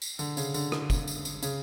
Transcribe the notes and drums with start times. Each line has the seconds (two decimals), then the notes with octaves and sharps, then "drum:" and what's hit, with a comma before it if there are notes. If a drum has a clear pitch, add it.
0.02 drum: tambourine
0.19 D3, drum: tambourine
0.37 C#3, drum: tambourine
0.54 D3, drum: tambourine
0.72 drum: rim click
0.90 drum: kick, tambourine
1.07 drum: tambourine
1.25 drum: tambourine
1.43 C#3, drum: tambourine